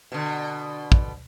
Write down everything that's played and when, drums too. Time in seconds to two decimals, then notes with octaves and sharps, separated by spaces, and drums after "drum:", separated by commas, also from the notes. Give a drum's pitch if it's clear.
0.12 B2 D3
0.92 drum: kick